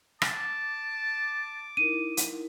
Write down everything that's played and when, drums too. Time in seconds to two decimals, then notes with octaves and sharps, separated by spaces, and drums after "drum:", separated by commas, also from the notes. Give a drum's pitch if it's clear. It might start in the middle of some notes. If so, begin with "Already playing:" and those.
0.22 A5 D6, drum: rim click
1.77 D#4 E4 A#4 D#7
2.17 drum: hi-hat